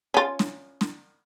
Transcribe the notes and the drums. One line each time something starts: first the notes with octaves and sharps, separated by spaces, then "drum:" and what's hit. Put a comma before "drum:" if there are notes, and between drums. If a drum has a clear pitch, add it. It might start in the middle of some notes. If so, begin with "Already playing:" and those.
C#4 F4
drum: snare
drum: snare